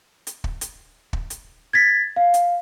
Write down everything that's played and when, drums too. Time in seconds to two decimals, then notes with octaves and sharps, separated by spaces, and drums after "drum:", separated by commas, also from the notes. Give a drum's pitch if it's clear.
0.27 drum: hi-hat
0.44 drum: kick
0.61 drum: hi-hat
1.13 drum: kick
1.30 drum: hi-hat
1.73 G#6 A6 B6
2.16 F5
2.34 drum: hi-hat